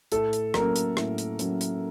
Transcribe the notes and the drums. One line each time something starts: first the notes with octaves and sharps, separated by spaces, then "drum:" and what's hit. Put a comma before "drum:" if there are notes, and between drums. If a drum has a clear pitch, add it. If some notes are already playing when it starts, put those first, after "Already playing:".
A2 A4, drum: hi-hat
drum: hi-hat
F#3 A#3 C#4 A#4, drum: rim click
drum: hi-hat
A2, drum: rim click
drum: hi-hat
F#3 A#3 C#4, drum: hi-hat
drum: hi-hat